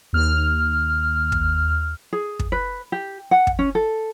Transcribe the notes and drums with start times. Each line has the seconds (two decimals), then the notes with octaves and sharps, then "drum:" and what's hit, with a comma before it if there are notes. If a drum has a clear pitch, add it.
0.13 D#2 F6
1.32 drum: kick
2.13 G#4
2.39 drum: kick
2.52 B4
2.92 G4
3.31 F#5
3.47 drum: kick
3.59 C#4
3.75 A4